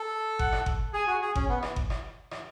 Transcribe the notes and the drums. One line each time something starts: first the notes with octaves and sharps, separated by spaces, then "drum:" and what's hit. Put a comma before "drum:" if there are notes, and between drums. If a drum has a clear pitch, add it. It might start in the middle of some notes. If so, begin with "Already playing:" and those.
Already playing: A4
F#5, drum: kick G1
drum: rim click
drum: kick G1
G#4 G#5
F#4
G#4
C#4, drum: kick G1
B3
drum: rim click
drum: kick G1
drum: rim click
drum: rim click